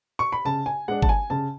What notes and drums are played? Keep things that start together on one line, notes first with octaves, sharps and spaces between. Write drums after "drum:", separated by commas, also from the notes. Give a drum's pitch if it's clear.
C#6
B5
C#3 A5
G#5
G#3 D4 F#5
A5, drum: kick G1
G#5
C#3 A5